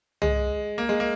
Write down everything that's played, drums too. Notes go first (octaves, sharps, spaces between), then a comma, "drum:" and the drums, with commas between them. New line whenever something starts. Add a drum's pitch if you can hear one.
G#3, drum: tom C2
A#3
G#3
A#3